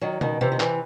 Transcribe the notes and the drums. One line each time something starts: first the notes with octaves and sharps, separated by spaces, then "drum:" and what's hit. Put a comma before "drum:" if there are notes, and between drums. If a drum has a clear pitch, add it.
D#3 F#3
B2 D#3, drum: tom
C3 E3
D#3
C3 E3, drum: clap